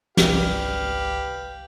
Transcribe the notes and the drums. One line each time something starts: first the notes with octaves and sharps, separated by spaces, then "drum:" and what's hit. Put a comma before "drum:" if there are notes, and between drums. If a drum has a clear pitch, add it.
G1 C2 G4 B4 D5 F5, drum: snare